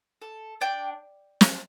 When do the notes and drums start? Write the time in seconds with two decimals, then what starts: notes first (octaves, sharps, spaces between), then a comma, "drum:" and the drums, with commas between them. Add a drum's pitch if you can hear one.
0.22 A4
0.61 D4 G5
1.41 drum: snare